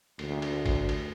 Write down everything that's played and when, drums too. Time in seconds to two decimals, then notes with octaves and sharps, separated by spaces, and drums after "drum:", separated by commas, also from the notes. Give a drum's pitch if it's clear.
0.19 D2, drum: cymbal
0.42 drum: cymbal
0.66 drum: kick G#1, cymbal
0.89 drum: cymbal